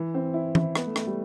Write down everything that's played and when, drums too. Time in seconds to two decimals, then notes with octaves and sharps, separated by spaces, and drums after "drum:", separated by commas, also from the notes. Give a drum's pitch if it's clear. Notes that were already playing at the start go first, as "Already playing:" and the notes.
Already playing: E3
0.14 C4
0.34 E4
0.55 E4, drum: tom
0.75 B3, drum: rim click
0.86 A3
0.96 A3, drum: rim click
1.07 G3